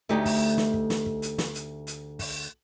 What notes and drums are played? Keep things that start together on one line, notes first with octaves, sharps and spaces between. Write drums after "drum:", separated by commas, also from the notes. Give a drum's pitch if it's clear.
D2 A3 D#4 G4
drum: kick, open hi-hat
drum: snare
drum: kick
drum: snare
drum: kick
drum: hi-hat
drum: snare
drum: hi-hat
drum: hi-hat
drum: kick, open hi-hat